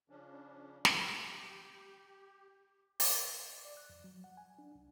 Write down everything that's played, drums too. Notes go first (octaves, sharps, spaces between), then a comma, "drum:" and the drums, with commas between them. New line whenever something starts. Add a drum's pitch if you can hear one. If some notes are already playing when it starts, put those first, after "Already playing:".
C#3 F3 C#4 D4
drum: snare
G4
drum: open hi-hat
D5
F#6
F2
F#3
F#5
G#5
D4
C2